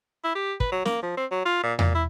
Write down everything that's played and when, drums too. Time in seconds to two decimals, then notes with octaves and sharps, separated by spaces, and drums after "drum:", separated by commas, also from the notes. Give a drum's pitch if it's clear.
0.24 E4
0.35 G4
0.60 B4, drum: kick
0.72 F#3
0.85 A#3, drum: snare
1.03 F3
1.17 C4
1.31 F#3
1.45 F4
1.63 A#2
1.79 A#2, drum: tom E2
1.95 E4